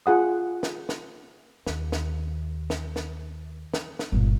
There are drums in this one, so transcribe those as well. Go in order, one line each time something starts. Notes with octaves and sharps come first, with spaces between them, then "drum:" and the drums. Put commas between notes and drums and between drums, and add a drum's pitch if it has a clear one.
F4 G#4 F#5 D#6
drum: snare
drum: snare
D#2, drum: snare
drum: snare
drum: snare
drum: snare
drum: snare
drum: snare
G1 A#2